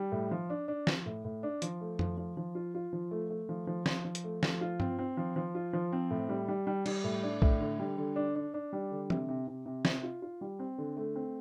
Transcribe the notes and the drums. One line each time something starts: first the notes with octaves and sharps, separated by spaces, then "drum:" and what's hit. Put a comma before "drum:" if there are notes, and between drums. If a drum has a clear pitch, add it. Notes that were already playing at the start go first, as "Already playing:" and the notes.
Already playing: G3
A2
F3
D4
D4
F3, drum: snare
A2
A2
D4
F3, drum: hi-hat
A3
F3, drum: tom F2
F3
F3
F4
F4
F3
A3
A3
F3
F3
F3, drum: snare
F3
drum: hi-hat
A3
F3, drum: snare
F4
C4, drum: tom G2
C4
F3
F3
F4
F3
C4
A2
G3
G3
G3
G3, drum: cymbal
A2
D4
A2, drum: kick B1
D3
G3
D3
D4
D4
D4
G3
D3
C3, drum: tom
C3
C3
C3
C3, drum: snare
F4
F4
G3
C4
D3
A3
C4